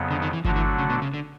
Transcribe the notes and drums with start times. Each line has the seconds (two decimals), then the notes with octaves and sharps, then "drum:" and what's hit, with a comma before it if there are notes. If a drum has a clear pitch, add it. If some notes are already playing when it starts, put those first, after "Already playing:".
Already playing: F2 C#3 F#3 B3
0.11 D3
0.22 D#3
0.33 E3
0.45 D3 F3 F#3 A3 D4 F#4, drum: kick G1
0.56 E3
0.79 C#3
0.90 B2
1.02 C#3
1.14 D3